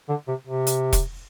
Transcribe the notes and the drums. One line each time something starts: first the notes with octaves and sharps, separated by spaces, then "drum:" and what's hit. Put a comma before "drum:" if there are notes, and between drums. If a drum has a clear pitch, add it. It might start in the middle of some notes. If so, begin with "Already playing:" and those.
D3
C3
C3
drum: hi-hat
drum: kick E1, hi-hat